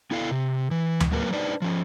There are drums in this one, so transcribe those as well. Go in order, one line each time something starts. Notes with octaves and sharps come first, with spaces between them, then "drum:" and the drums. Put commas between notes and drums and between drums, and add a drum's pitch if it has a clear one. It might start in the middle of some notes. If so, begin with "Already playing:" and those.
B3 E4 A4 F5
C3
E3
drum: tom D2
F#3 A#3 A#4 B4
D4 D#4 B4 C5 D5
F3 C#4